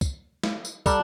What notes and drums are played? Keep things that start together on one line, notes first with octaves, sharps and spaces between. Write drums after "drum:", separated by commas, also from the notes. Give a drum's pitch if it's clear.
drum: kick, tambourine
drum: snare
drum: tambourine
G3 D4 A4 A#5, drum: kick, tambourine